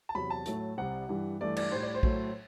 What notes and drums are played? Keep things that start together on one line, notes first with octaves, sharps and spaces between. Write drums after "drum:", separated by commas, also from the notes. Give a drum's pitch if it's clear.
A5
E2 C3 F#3 B5
A5
A2 F#3 A3, drum: hi-hat
C2 C3 G3 F#5
G2 E3 G3
G2 E3 A3 D5
D5, drum: cymbal
A2 G3 C5
D5
C5
A2 F#3 A3, drum: kick A#1